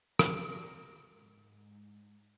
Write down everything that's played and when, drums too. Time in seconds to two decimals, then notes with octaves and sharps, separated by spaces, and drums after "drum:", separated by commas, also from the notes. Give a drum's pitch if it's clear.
0.19 A#4, drum: rim click
1.11 G#2